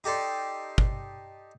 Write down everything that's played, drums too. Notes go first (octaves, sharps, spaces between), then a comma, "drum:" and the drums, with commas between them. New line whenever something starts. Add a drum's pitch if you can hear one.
D#4 G4 A4 D5 C6
drum: kick